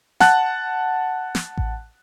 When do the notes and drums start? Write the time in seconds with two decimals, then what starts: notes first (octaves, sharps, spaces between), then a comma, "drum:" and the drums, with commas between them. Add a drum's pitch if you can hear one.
0.20 F#5 A5 F#6, drum: snare
1.35 drum: snare
1.57 drum: kick A1